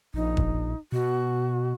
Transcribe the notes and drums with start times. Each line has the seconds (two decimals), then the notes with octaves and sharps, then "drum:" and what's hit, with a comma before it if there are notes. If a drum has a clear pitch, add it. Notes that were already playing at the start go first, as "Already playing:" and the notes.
0.14 A#1 D#4
0.37 drum: kick
0.92 B2 F#4